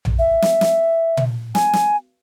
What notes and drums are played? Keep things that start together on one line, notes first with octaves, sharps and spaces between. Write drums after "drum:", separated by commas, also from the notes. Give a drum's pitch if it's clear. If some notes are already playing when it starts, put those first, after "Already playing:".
drum: tom A#1
E5
drum: snare
drum: snare
drum: tom A#2
G#5, drum: snare
drum: snare